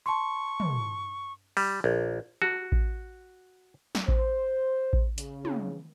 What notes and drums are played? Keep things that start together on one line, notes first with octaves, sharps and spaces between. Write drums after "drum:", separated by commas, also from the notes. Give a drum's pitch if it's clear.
A5 C6 C#6
drum: tom
G3, drum: open hi-hat
A#1
F#4, drum: rim click
drum: kick A1
drum: snare
C5, drum: kick A1
drum: kick A1
C#3, drum: hi-hat
drum: tom